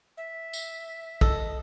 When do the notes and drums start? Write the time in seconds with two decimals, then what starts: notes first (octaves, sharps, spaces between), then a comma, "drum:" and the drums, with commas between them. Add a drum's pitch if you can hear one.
0.17 E5
0.53 drum: tambourine
1.21 A4 D#5, drum: kick